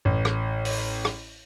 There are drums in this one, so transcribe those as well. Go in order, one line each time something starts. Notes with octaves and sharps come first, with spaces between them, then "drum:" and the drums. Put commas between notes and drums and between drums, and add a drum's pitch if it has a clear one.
A1
drum: rim click
drum: open hi-hat
drum: rim click